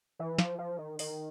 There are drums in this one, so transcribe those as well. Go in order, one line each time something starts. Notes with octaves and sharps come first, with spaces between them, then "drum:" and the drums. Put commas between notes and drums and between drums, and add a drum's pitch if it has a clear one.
E3
F3, drum: snare
F3
D#3
D#3, drum: open hi-hat